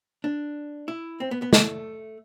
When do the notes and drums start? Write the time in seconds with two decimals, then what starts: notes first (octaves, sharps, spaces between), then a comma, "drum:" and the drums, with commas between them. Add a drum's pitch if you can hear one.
0.24 D4
0.88 E4
1.20 C4
1.31 B3
1.42 B3
1.53 A3, drum: snare